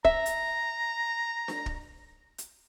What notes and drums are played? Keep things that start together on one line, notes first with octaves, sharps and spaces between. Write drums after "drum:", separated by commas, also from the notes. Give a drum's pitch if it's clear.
E5 A#5, drum: kick
drum: hi-hat
drum: snare D4
drum: kick
drum: hi-hat